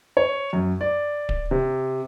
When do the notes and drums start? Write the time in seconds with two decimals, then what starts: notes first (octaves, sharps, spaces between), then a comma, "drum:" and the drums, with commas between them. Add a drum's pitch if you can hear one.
0.17 C#5
0.53 F#2
0.81 D5
1.29 drum: kick D1
1.51 C3